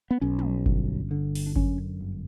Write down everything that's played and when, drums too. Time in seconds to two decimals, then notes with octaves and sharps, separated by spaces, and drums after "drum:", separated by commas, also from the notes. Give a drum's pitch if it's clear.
0.11 B3
0.21 B1 C#4
0.39 drum: tom
0.66 G1, drum: kick G1
1.11 D3
1.35 drum: open hi-hat
1.47 D4
1.56 F#2 C#4, drum: kick G1
2.01 G1